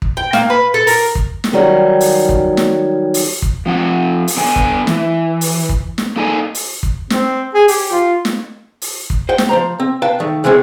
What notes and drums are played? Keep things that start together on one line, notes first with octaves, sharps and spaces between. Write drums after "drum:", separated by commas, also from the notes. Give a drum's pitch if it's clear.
drum: kick
G5
A#3, drum: snare
B4
A4
A#4, drum: open hi-hat
drum: kick
drum: snare
D#3 F#3 G3 C#4
drum: open hi-hat
drum: kick
drum: snare
drum: open hi-hat
drum: kick
F3 C4 F#5
drum: open hi-hat
D3 B3 G#5
drum: kick
E3, drum: snare
drum: open hi-hat
drum: kick
drum: snare
A#3 D#4 A4 D5 D#5 G#5
drum: open hi-hat
drum: kick
C4, drum: snare
G#4
G4, drum: open hi-hat
F4
drum: snare
drum: open hi-hat
drum: kick
C5 F#5 G5
drum: snare
F3 C5 A#5
C4
B4 F5 G5 A5
D#3 A3
E3 G#3 A3 C4 C#4